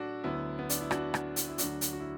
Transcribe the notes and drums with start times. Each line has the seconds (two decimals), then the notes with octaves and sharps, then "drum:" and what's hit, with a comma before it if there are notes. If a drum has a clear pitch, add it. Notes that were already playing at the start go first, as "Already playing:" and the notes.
Already playing: A2 F#3 D4 F#4 A4
0.24 D2 D3 F#3 B3 E4
0.59 B3
0.70 D4, drum: hi-hat
0.81 E4
0.91 D4 F#4, drum: rim click
1.14 drum: rim click
1.36 drum: hi-hat
1.48 E4
1.58 D2 D3 F#3 D4 F#4, drum: hi-hat
1.81 drum: hi-hat
1.93 F#4
2.00 E4